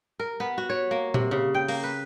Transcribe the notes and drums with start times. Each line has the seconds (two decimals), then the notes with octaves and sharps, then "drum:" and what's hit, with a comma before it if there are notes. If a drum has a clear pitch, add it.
0.20 A#4
0.40 B3
0.58 F#4
0.70 C#5
0.91 A#3
1.14 C3, drum: tom A#2
1.31 C#3
1.54 G5
1.68 A#3, drum: open hi-hat
1.83 B4